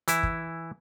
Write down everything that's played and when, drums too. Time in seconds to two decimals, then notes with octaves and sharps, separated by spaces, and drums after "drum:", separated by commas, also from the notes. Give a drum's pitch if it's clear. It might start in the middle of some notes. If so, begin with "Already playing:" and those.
0.08 E3 E4, drum: hi-hat
0.23 drum: kick